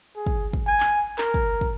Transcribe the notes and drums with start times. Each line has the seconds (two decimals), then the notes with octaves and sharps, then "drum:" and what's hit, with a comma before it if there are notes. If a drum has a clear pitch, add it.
0.16 G#4
0.26 drum: kick
0.53 drum: kick
0.67 G#5
0.80 drum: clap
1.18 A#4, drum: clap
1.34 drum: kick
1.61 drum: kick